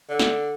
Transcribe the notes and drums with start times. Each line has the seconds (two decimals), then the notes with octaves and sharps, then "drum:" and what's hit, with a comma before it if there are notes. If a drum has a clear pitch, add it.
0.09 D3
0.20 drum: snare